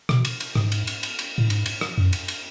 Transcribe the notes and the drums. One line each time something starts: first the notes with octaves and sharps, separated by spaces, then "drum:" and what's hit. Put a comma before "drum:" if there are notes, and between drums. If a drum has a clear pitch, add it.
B2, drum: rim click
drum: cymbal
drum: cymbal
G#2, drum: rim click
drum: cymbal
drum: cymbal
drum: cymbal
drum: cymbal
A2
G#2, drum: cymbal
drum: cymbal
drum: rim click
F#2
drum: cymbal
drum: cymbal